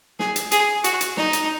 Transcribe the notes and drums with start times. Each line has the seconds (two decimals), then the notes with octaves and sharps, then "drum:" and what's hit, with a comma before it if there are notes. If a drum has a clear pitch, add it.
0.19 G#4, drum: snare
0.36 drum: hi-hat
0.51 G#4, drum: hi-hat
0.84 F#4, drum: hi-hat
1.01 drum: hi-hat
1.17 D#4, drum: snare
1.33 drum: hi-hat